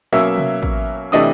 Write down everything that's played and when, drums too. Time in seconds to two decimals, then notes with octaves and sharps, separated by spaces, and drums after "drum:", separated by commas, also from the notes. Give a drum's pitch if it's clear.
0.13 B2 F#3 A#3 C#4 E5 E6
0.37 drum: tom
0.63 drum: kick
1.12 C3 E3 A3 D4 D#5 D#6